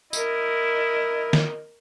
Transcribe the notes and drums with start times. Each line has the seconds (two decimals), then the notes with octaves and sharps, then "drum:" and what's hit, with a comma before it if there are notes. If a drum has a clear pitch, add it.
0.13 E4 A#4 D#5, drum: tambourine
1.33 drum: snare